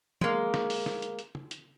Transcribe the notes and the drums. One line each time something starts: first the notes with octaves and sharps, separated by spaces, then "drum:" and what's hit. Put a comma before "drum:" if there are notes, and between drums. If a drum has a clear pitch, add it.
G#3 A#3, drum: tom
drum: snare
drum: open hi-hat
drum: snare
drum: hi-hat
drum: hi-hat
drum: tom
drum: hi-hat